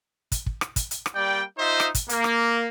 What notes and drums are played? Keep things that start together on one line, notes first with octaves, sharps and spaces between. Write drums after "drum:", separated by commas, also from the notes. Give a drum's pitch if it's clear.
drum: kick, hi-hat
drum: kick
drum: rim click
drum: kick, hi-hat
drum: hi-hat
drum: rim click
G3 A#3 D5 G5
D#4 F4 C5 D#5 E5
drum: rim click
drum: kick, hi-hat
A#3, drum: hi-hat
drum: rim click